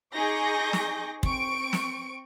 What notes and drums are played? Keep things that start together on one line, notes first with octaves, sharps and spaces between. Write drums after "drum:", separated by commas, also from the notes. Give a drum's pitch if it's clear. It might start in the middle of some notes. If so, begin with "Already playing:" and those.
D#4 G#4 C#6 D6 G6 A#6
drum: snare
C4 C#6 D7, drum: kick
drum: snare